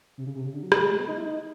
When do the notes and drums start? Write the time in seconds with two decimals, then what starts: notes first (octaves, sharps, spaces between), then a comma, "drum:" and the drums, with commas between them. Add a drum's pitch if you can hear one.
0.18 C3
0.26 C#3
0.35 C3
0.45 C#3
0.54 D3
0.63 F#3
0.72 G3, drum: rim click
0.81 G#3
0.90 A3
0.99 B3
1.08 D#4
1.17 E4
1.26 D#4